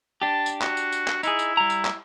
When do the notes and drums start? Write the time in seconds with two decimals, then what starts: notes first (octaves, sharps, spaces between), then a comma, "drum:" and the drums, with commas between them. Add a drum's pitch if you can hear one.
0.22 D4 G4 A5
0.46 drum: tambourine
0.62 F#4, drum: clap
0.77 drum: tambourine
0.92 drum: tambourine
1.08 drum: clap
1.23 D#4 E4 G#4, drum: tambourine
1.39 drum: tambourine
1.57 G3 A#5
1.70 drum: tambourine
1.85 drum: clap